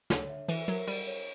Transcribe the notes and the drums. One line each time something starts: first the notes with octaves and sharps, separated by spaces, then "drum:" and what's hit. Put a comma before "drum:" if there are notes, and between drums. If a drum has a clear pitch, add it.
D3 C#5, drum: snare
E5
E3 E5, drum: cymbal
F#3 A#4
G3 A#4, drum: cymbal
C#5